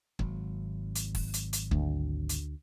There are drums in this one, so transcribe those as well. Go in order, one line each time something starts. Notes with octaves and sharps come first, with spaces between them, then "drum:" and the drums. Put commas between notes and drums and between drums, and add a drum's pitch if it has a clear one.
G#1 F#3, drum: kick
drum: hi-hat
drum: kick, open hi-hat
drum: hi-hat
drum: hi-hat
D2, drum: kick
drum: hi-hat